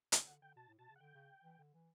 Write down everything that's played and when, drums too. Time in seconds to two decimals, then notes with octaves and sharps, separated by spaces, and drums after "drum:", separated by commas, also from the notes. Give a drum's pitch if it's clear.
0.12 C#3 D5, drum: hi-hat
0.27 D3 F#5
0.42 D3 G5
0.56 B2 A5
0.68 A2
0.78 B2 A5
0.89 C#3
0.96 F#5
1.00 D3 G5
1.15 C#3
1.44 E3
1.59 D3
1.74 E3